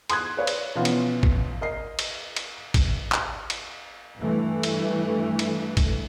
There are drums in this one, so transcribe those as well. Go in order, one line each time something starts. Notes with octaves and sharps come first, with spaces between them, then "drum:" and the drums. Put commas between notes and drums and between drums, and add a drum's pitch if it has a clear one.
C6 D#6 F#6 G#6, drum: cymbal
B4 C#5 F5
drum: cymbal
B2 E3 F3 B3 C#4 F4
drum: cymbal
drum: kick
A#4 D#5 C7
drum: cymbal
drum: cymbal
drum: kick, cymbal
drum: clap
drum: cymbal
G2 E3 A3
drum: cymbal
drum: cymbal
drum: kick, cymbal